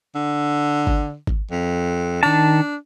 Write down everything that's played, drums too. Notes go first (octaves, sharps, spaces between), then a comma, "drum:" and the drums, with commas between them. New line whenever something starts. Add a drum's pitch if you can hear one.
D3
drum: kick G#1
drum: kick G#1
F2
D#3 D4 A5